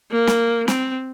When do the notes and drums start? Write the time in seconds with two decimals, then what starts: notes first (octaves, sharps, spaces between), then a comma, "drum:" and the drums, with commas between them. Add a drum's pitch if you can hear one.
0.11 A#3
0.27 drum: snare
0.68 C4, drum: snare